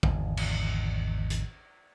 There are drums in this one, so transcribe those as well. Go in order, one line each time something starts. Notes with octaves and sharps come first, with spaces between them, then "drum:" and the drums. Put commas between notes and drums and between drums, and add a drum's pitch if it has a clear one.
G#1 E2 G#2 D3, drum: kick
drum: cymbal
drum: hi-hat